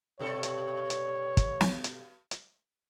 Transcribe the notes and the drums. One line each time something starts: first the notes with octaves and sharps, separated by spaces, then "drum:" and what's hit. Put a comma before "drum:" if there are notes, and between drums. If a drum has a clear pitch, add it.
G2 B2 A4 C#5
drum: hi-hat
drum: hi-hat
drum: kick, hi-hat
drum: snare
drum: hi-hat
drum: hi-hat